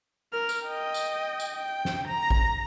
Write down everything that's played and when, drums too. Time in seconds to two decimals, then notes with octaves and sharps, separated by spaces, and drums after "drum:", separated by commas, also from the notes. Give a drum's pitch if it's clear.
0.33 A#4 F6
0.49 drum: tambourine
0.66 D#5 G5
0.94 drum: tambourine
1.40 drum: tambourine
1.57 G5
1.85 drum: snare
2.08 A#5 A#6
2.30 drum: kick A1